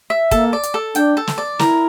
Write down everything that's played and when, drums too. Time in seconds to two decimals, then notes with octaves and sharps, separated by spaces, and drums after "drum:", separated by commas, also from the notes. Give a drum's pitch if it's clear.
0.10 E5
0.31 A#3 A4, drum: kick, hi-hat
0.53 D5
0.63 drum: hi-hat
0.74 A4
0.95 D4 G5, drum: hi-hat
1.17 A4
1.27 drum: snare
1.38 D5
1.59 E4 A#4, drum: snare